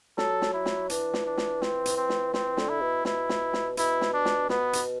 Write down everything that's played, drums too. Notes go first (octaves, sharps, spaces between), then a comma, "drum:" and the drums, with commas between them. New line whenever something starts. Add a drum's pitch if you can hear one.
F#3 A4, drum: snare
drum: snare
E4
drum: snare
E3 D4, drum: hi-hat
drum: snare
D4
drum: snare
C4, drum: snare
drum: hi-hat
C4
drum: snare
E3 C4, drum: snare
D3, drum: snare
E4
B2
B2 E4, drum: snare
drum: snare
drum: snare
B2 E4, drum: hi-hat
drum: snare
D4
drum: snare
B2 B3, drum: snare
drum: hi-hat